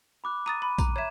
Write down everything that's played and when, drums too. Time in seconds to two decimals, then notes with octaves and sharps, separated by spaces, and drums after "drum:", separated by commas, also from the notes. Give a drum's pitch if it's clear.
0.24 B5 D6 F#6
0.46 A#5 D#6 A6 D#7
0.62 B5
0.78 A#5, drum: kick A#1, tambourine
0.96 C#5 E5 A#5 G#6 E7